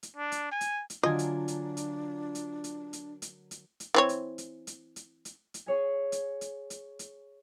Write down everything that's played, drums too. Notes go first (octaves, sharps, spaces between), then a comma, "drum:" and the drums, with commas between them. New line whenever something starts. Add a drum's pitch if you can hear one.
drum: hi-hat
D4
drum: hi-hat
G#5
drum: hi-hat
drum: hi-hat
D3 F#3 D4 F4 A#4 D#5 G#5
drum: hi-hat
drum: hi-hat
drum: hi-hat
drum: hi-hat
drum: hi-hat
drum: hi-hat
drum: hi-hat
drum: hi-hat
drum: hi-hat
E3 C4 C#5
drum: hi-hat
drum: hi-hat
drum: hi-hat
drum: hi-hat
drum: hi-hat
drum: hi-hat
G#4 C#5 G#5
drum: hi-hat
drum: hi-hat
drum: hi-hat
drum: hi-hat